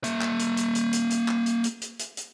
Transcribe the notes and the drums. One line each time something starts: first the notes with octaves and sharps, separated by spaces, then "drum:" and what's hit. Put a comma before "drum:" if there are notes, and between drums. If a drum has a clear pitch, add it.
A#3 E5, drum: hi-hat
drum: clap
drum: hi-hat
drum: hi-hat
drum: hi-hat
drum: hi-hat
drum: hi-hat
drum: clap
drum: hi-hat
drum: hi-hat
drum: hi-hat
drum: hi-hat
drum: hi-hat